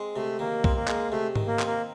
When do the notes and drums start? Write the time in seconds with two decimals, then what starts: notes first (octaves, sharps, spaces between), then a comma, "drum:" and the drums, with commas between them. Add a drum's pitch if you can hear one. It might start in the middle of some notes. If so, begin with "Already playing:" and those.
Already playing: G#3 C4
0.15 C3 A3
0.39 D#3 A#3
0.64 C4, drum: kick B1
0.76 A#3
0.88 G#3, drum: clap
1.11 C3 A3
1.36 D#3, drum: tom G#2
1.47 A#3
1.59 C4, drum: clap
1.66 A#3